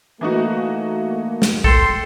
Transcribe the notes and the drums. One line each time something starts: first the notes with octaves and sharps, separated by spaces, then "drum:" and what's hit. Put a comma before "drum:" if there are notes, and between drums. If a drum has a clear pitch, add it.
E3 A3 A#3 D#4 F#4
drum: snare
A4 G5 C6, drum: kick